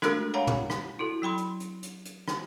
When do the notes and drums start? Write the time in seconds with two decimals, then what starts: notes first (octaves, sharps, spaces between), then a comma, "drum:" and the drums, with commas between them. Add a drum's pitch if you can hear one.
0.02 G#3 A3 D4 F#4 A4 A#4, drum: rim click
0.34 C#5 F5 F#5 G#5 A#5 B5
0.47 drum: tom
0.70 drum: rim click
0.99 E4 F#4 A4
1.22 F#3 G5 B5 C6
1.37 drum: hi-hat
1.60 drum: hi-hat
1.82 drum: hi-hat
2.05 drum: hi-hat
2.28 drum: rim click